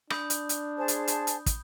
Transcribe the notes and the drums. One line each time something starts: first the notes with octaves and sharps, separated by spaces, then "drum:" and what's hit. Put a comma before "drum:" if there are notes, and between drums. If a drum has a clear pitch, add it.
D4 B5 D#6 G6, drum: rim click
drum: hi-hat
drum: hi-hat
G#4 C5 A5
drum: hi-hat
drum: hi-hat
drum: hi-hat
drum: kick, hi-hat